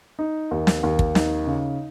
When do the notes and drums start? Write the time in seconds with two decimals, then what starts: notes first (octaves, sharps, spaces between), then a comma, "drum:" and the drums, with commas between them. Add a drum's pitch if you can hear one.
0.19 D#4
0.51 D#2
0.67 drum: snare
0.83 D#2
0.99 drum: kick
1.15 D#4, drum: snare
1.47 C#3